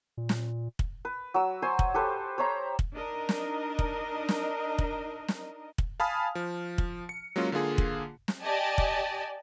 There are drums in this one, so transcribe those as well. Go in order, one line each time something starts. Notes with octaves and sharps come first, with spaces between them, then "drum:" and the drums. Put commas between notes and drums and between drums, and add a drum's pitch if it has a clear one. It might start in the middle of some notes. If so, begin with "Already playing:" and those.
A#2
drum: snare
drum: kick
B4
F#3 E6
C5 G#5 C6 C#6
drum: kick
G4 A4 B4 C5
C5 C#5 E5 A#5
drum: kick
D4 D#4 A#4 D#5
drum: snare
drum: kick
drum: snare
drum: kick
drum: snare
drum: kick
F5 G#5 A5 B5 D#6 F6
F3
drum: kick
C#7
F#3 G#3 A#3 C#4 F4
D3 A#3 F4 G#4
drum: kick
drum: snare
G4 D5 D#5 G#5 A5
drum: kick